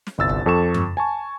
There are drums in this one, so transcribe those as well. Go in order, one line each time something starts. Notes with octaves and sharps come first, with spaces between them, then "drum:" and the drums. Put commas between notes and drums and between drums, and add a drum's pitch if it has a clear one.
drum: snare
G1 C2 E6 A6
drum: kick
F2 A4 A5 C#6 E7
drum: tom F#2
G#5 A5 C#6